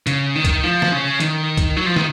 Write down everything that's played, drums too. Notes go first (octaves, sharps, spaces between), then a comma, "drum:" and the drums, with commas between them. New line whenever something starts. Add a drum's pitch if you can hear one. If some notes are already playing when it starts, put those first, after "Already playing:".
C#3, drum: hi-hat
D#3
drum: kick, hi-hat
F3
drum: snare
C#3
D#3, drum: hi-hat
drum: kick, hi-hat
F#3
F3
D#3, drum: snare